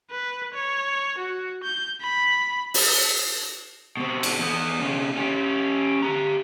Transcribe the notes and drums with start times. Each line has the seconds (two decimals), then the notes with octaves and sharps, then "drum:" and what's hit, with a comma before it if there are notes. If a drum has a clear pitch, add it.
0.11 B4
0.54 C#5
1.18 F#4
1.63 G6
2.01 B5
2.74 drum: open hi-hat
3.97 B2 C4
4.23 drum: cymbal
4.39 E2 B3
4.80 C3 C#4
5.17 C#4 G4
6.03 G4 A#5